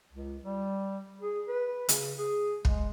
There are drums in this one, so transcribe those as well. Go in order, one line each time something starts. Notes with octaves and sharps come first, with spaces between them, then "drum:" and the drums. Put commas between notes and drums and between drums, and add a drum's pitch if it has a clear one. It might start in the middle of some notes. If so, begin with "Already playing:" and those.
C#2
G3
G#4
B4
C#3, drum: hi-hat
G#4
G#3, drum: kick